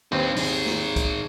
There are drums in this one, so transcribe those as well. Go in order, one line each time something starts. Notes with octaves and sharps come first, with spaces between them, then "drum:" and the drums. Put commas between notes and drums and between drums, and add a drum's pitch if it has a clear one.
D#2 C4 D4 B4
D#3 G#4, drum: open hi-hat
drum: snare
drum: kick, hi-hat